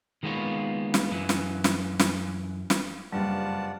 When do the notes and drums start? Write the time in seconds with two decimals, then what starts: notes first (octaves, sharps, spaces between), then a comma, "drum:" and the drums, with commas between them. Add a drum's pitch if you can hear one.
0.23 D#3 G#3 A#3 B3 F4 C#5
0.94 drum: snare
1.11 F#2 E3 F#3
1.29 drum: snare
1.64 drum: snare
1.99 drum: snare
2.70 drum: snare
3.13 F#1 G2 F#3 G3 F4 D5 F#5 A5